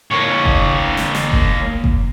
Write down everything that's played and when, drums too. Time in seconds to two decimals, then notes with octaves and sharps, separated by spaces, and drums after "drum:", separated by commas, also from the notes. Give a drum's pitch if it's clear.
0.11 A#3 C#5
0.45 drum: kick F#1
0.97 drum: snare
1.15 drum: snare
1.32 drum: kick F#1
1.84 drum: kick F#1